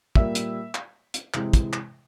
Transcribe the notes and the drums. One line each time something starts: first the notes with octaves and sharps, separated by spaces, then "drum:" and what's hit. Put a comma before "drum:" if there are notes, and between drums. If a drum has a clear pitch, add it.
A#2 G3 A#3 E5, drum: kick
drum: hi-hat
drum: clap
drum: hi-hat
C3 E3 G#3, drum: clap
drum: kick, hi-hat
drum: clap